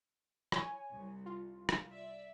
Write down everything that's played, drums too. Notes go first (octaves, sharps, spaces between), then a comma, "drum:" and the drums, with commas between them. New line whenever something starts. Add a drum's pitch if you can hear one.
C#5 G#5, drum: rim click
C2
F4
drum: rim click
D5 E5